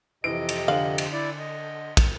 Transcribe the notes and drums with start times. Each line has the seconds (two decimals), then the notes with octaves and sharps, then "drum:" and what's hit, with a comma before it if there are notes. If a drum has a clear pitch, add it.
0.24 F2 C3 E3 D#5 D7
0.49 drum: cymbal
0.68 D3 F5 F#7
0.98 drum: cymbal
1.12 E4 D5
1.39 D#5
1.97 drum: kick, cymbal